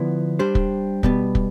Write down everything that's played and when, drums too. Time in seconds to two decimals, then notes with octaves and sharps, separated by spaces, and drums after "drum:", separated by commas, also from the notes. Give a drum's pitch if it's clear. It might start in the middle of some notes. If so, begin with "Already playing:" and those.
Already playing: D3 F3 B3 E4
0.39 G3 D4 G4 C5
0.55 drum: kick
1.03 B2 G3 B3, drum: kick
1.35 drum: kick